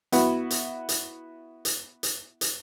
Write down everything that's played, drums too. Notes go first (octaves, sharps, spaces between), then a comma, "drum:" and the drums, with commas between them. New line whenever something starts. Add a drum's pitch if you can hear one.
B3 E4 F#4, drum: hi-hat
drum: hi-hat
drum: hi-hat
drum: hi-hat
drum: hi-hat
drum: hi-hat